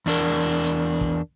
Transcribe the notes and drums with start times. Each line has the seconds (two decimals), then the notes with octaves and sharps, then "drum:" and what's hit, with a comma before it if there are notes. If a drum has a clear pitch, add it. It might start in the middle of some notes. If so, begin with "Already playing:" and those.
0.06 E2 D4 A#4, drum: hi-hat
0.63 drum: hi-hat
1.01 drum: kick